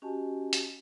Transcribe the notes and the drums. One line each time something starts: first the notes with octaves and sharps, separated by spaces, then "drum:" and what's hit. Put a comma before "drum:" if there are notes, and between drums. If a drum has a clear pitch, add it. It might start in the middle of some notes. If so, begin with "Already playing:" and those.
C#4 F#4 G4 D#5 G#5 A5
drum: hi-hat